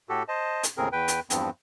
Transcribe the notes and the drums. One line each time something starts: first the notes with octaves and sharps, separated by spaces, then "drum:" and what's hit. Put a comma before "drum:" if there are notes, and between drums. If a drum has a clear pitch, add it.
A2 F#4 G4 A4
C5 D#5 A5
drum: hi-hat
D#2 A2 C#3 C4 G#4 A#4
E2 B4 G5
drum: hi-hat
E2 G2 F3 B3 C4, drum: hi-hat